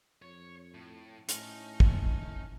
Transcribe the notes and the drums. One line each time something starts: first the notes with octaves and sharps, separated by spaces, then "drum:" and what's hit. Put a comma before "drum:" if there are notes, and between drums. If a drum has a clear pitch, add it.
F2 C#5
A2
A2 A3 C#4 D#4 F6, drum: hi-hat
drum: kick